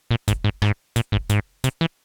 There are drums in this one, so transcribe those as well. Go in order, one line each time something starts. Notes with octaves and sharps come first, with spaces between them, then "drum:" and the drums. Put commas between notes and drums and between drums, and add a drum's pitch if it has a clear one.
A#2
G#2, drum: kick, hi-hat
G#2
G#2, drum: rim click
A#2, drum: hi-hat
G#2, drum: kick
G#2, drum: hi-hat
C3, drum: hi-hat
E3